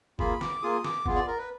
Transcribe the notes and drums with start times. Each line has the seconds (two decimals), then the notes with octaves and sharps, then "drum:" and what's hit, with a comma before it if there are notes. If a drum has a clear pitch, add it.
0.19 A#3 F4 G#4 B5, drum: kick
0.41 D6, drum: snare
0.62 A#3 F4 G#4 D#6
0.84 D6, drum: snare
1.06 B3 F4 G#4, drum: kick
1.16 D5
1.27 A#4
1.38 B4